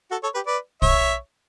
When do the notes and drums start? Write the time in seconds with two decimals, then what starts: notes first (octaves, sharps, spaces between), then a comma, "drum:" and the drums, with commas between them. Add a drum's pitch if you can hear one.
0.11 F#4 A4
0.23 A4 C#5
0.34 G4 B4
0.46 B4 D5
0.82 C#5 E5, drum: kick